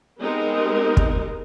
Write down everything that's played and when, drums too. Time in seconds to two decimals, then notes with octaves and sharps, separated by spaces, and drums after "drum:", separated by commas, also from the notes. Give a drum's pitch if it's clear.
0.21 G#3 B3 C4 D#4 G4 A#4
0.97 drum: kick